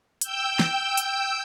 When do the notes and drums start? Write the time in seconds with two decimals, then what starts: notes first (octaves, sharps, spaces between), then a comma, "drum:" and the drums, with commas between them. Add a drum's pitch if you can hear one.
0.21 G5 E6 G6, drum: hi-hat
0.59 drum: snare
0.97 drum: hi-hat